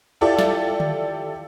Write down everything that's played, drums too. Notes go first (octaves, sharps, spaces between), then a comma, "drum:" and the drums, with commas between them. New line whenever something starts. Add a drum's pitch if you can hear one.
E4 F4 G4 A4 D5 E5
drum: snare
drum: tom D3